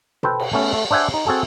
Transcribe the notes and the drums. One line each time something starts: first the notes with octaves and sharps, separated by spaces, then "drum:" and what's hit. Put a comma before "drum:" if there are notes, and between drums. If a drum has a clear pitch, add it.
A4 B4 C5 G5, drum: tom B2
drum: cymbal
A3 B3 C#4
A3
D4 C5 E5 F#5 G#5
D#4
C4 F#4 G#4 A4